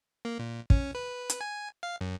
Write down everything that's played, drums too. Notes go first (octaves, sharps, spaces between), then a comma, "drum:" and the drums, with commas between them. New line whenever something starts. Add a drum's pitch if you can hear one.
A#3
A#2
C#4, drum: kick
B4
drum: hi-hat
G#5
F5
F#2